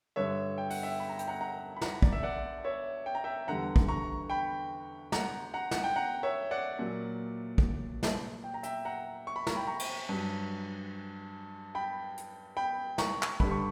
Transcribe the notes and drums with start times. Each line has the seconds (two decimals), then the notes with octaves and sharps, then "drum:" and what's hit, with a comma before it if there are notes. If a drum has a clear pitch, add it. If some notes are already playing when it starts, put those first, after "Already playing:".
0.16 G2 D3 G3 C#5 E5
0.58 G5
0.70 F#5, drum: open hi-hat
0.83 E5 G5
1.00 B5
1.09 A#5
1.19 G5, drum: hi-hat
1.28 F#5 A#5
1.41 F#5 A#5
1.76 B5
1.81 F#5 A#5, drum: snare
2.02 D5, drum: kick
2.13 E5
2.23 D5 F#5
2.64 C#5 E5
3.06 G5
3.15 A#5
3.24 E5 G5
3.47 E2 D3 G3 F#5 A#5
3.76 drum: kick
3.88 A#5 C#6
4.30 G5 B5
5.12 F#5 A#5, drum: snare
5.54 F#5 A#5
5.71 F#5, drum: snare
5.84 G5
5.96 F#5 A#5
6.23 C#5 E5
6.51 D5 F#5
6.79 A#2 F#3
7.58 drum: kick
8.03 drum: snare
8.44 G5
8.54 A#5
8.63 E5 G5, drum: hi-hat
8.85 F#5 A#5
9.27 C#6
9.36 B5
9.47 A#5, drum: snare
9.56 G5 B5
9.67 A#5 C#6
9.79 drum: cymbal
10.09 G2 F#3
11.75 G5 B5
12.17 drum: hi-hat
12.57 G5 B5
12.98 A#5 C#6, drum: snare
13.23 drum: clap
13.40 G2 D3 G3 B5, drum: kick
13.51 C#6